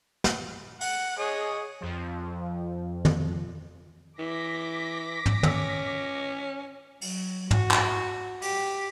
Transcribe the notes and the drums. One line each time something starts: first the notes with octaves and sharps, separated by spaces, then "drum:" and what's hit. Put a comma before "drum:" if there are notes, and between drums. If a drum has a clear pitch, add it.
drum: snare
F#5, drum: open hi-hat
G#4 C#5 D#5
F2 F3
drum: tom
E3 D6 A#6 B6
drum: tom
C#4, drum: tom
F#3, drum: open hi-hat
F#4, drum: tom
drum: clap
G4, drum: open hi-hat